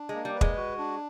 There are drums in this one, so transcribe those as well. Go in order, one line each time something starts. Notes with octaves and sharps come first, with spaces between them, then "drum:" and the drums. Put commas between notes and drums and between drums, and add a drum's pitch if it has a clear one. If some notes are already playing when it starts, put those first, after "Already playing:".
Already playing: D4
G#3
A#3
G3
B4
G#3, drum: kick
F#4
D4